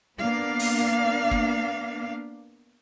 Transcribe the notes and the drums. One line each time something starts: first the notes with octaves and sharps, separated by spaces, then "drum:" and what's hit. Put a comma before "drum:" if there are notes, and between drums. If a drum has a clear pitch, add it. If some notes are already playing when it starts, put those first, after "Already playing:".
A#3 B3 D4 F5
drum: open hi-hat
drum: kick